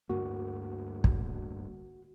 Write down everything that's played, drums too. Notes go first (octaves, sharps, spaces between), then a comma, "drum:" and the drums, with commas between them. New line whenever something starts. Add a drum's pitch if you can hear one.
D2 G2 A#3 F#4
drum: kick